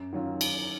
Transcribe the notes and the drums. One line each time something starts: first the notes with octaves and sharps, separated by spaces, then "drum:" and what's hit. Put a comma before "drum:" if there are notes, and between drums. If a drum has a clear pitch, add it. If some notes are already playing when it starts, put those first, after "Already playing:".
Already playing: F#2
D#3 F#3 C#4 F4
drum: cymbal